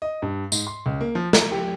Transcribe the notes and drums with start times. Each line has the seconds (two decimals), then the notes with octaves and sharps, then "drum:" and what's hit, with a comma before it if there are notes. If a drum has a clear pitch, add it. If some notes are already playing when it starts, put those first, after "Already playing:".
0.02 D#5
0.22 G2
0.52 G#2, drum: tambourine
0.67 C6
0.86 C#2
1.01 A#3
1.15 F3
1.33 A#5, drum: snare
1.52 G4